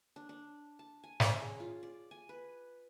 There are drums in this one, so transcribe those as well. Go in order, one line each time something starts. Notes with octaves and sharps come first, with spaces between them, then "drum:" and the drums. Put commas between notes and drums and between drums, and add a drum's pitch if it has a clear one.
D4
D4
A5
G#5
C#4, drum: snare
G#4
F4
D5
G#5
B4